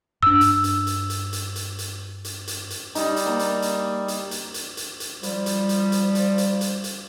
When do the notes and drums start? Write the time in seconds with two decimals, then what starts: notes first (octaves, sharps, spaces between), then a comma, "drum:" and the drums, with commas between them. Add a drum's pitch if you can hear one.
0.23 G2 D4 E6
0.41 drum: hi-hat
0.64 drum: hi-hat
0.87 drum: hi-hat
1.10 drum: hi-hat
1.33 drum: hi-hat
1.56 drum: hi-hat
1.79 drum: hi-hat
2.24 drum: hi-hat
2.47 drum: hi-hat
2.70 drum: hi-hat
2.95 G3 D#4, drum: hi-hat
3.16 drum: hi-hat
3.26 A#3 A#5
3.39 drum: hi-hat
3.62 drum: hi-hat
4.08 drum: hi-hat
4.31 drum: hi-hat
4.54 drum: hi-hat
4.77 drum: hi-hat
5.00 drum: hi-hat
5.23 F3 G3, drum: hi-hat
5.46 drum: hi-hat
5.69 drum: hi-hat
5.92 drum: hi-hat
6.15 drum: hi-hat
6.38 drum: hi-hat
6.61 drum: hi-hat
6.84 drum: hi-hat